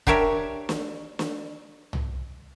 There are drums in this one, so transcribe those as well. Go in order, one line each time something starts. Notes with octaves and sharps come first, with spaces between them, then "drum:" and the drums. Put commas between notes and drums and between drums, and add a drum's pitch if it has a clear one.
D4 G4 A#4 C#5 E5, drum: kick
drum: snare
drum: snare
drum: tom C2